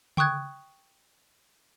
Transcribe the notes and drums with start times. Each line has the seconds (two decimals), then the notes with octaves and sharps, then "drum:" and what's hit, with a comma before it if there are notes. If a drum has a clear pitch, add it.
0.17 G5 C#6 D#6 F#6 G#6, drum: tom C#3